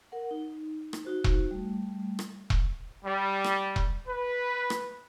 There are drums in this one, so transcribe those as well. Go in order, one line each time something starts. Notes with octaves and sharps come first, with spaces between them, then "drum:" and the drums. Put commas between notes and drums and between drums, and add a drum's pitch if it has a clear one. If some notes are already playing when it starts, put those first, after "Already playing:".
A#4 F#5
D#4
drum: rim click
D#4 F#4 C5
drum: kick E1
G3 A3
drum: rim click
drum: kick E1
G3
drum: rim click
drum: kick E1
B4
drum: rim click